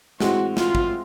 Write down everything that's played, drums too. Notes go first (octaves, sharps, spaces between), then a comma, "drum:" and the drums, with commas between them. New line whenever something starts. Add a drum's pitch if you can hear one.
A2 E3 G#3 C4 F#4, drum: snare
F4, drum: snare
drum: kick